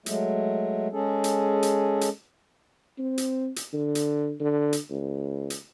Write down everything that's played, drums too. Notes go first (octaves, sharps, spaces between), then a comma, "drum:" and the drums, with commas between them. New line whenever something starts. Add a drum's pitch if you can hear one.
F#3 G#3 A3, drum: hi-hat
G#3 C#4 G#4 A4
drum: hi-hat
drum: hi-hat
drum: hi-hat
C4
drum: hi-hat
drum: hi-hat
D3
drum: hi-hat
D3
drum: hi-hat
C#2
drum: hi-hat